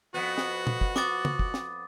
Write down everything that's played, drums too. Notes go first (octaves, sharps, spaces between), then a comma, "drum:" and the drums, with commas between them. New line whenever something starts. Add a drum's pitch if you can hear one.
F2 B3 F#4
drum: snare
drum: tom
drum: kick
D6 D#6 A6, drum: snare
drum: tom
drum: kick
drum: snare